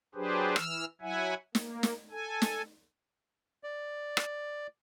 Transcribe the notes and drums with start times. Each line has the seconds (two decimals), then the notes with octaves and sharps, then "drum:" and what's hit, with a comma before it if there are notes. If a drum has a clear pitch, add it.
0.15 F#3 D4 G4 G#4 B4 C5
0.56 E3 E6 F6, drum: rim click
1.01 F#3 E4 E5 F#5 G#5
1.55 A#3, drum: snare
1.83 drum: snare
2.11 A4 G#5
2.42 drum: snare
3.63 D5
4.17 drum: rim click